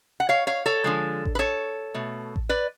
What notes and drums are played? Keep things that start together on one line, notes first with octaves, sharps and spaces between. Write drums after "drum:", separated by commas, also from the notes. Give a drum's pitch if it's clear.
F#5
C#5 F5
C#5 F5
A4 C#5
D3 F3 G#3
drum: kick A1
B4
A4 C#5
B2 A3
drum: kick A1
B4 D5